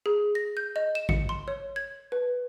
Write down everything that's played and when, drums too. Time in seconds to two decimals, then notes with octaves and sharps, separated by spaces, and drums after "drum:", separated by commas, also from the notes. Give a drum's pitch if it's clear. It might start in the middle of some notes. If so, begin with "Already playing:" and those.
0.06 G#4
0.35 A#6
0.57 G6
0.76 D#5
0.95 E7
1.09 C#7, drum: kick A1
1.29 C6
1.48 C#5
1.76 G#6
2.12 B4